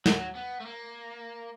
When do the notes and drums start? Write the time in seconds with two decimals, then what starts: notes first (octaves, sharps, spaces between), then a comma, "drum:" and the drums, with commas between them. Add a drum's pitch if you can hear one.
0.06 F#3, drum: snare
0.35 B3
0.60 A3
0.66 A#3